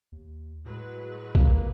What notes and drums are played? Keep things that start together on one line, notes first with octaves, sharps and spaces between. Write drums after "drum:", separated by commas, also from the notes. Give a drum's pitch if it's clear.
D#2
A2 F#3 G#3 B4
A#3, drum: kick